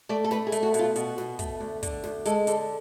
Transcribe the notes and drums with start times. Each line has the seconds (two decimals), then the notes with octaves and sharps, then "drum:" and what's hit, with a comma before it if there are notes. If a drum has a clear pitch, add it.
0.09 A3 D5
0.24 A4
0.31 A3 B4, drum: snare
0.47 G#4
0.52 A3, drum: hi-hat
0.63 F#4
0.74 B2, drum: hi-hat
0.79 F4
0.96 B2 F#4, drum: hi-hat
1.18 B2, drum: snare
1.39 A3, drum: kick, hi-hat
1.60 D2
1.83 D3, drum: kick, hi-hat
2.03 D2, drum: snare
2.25 G#3 A4, drum: hi-hat
2.47 D3 A4, drum: hi-hat